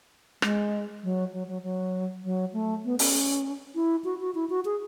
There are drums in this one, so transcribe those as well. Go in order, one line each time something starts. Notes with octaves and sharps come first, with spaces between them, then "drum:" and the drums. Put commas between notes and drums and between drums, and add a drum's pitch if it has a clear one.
G#3, drum: rim click
F#3
F#3
F#3
F#3
F#3
A3
B3
C#4, drum: open hi-hat
E4
F#4
F#4
E4
F#4
G#4